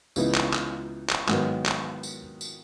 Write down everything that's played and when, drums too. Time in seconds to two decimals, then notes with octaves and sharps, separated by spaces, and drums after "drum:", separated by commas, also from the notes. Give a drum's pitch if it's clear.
0.16 C#2 C#3 E3 B3 D#4, drum: tambourine
0.35 drum: clap
0.53 drum: clap
1.10 drum: clap
1.28 G#2 D#3 F#3 B3, drum: clap
1.66 drum: clap
2.03 drum: tambourine
2.41 drum: tambourine